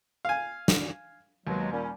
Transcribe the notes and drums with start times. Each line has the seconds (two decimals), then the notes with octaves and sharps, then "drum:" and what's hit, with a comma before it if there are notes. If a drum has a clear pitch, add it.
0.25 F5 G#5
0.68 drum: snare
1.47 D#2 B2 F#3 G#3
1.71 A#2 G3 C#4